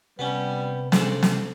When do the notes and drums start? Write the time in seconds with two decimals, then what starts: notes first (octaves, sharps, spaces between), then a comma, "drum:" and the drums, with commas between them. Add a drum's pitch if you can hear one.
0.19 C3 G3 B3 C#4 B4
0.92 C#3 D4 G#4 A4 C5, drum: snare
1.23 drum: snare